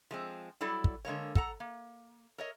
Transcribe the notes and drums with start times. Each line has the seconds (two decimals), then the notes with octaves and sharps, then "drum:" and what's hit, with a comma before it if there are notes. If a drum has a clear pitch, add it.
0.11 F3 G#3 C4
0.61 F#3 G3 E4 A4 D5
0.84 drum: kick
1.05 D3 G#3 A#3 C#5
1.36 A4 F#5 A#5, drum: kick
1.60 A#3
2.38 A#4 C#5 D#5